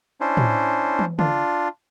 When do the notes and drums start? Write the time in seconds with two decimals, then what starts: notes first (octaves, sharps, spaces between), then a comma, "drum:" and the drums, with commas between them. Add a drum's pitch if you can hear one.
0.21 C#4 D4 E4 C5
0.37 drum: tom A2
0.99 drum: tom
1.19 D4 F4, drum: tom C#3